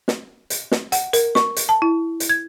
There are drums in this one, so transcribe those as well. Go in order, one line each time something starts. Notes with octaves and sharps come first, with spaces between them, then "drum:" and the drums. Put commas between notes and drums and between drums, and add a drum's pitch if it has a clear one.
drum: snare
drum: hi-hat
drum: snare
F#5, drum: hi-hat
A#4, drum: hi-hat
C#6, drum: snare
drum: hi-hat
A5
E4
drum: hi-hat
G#6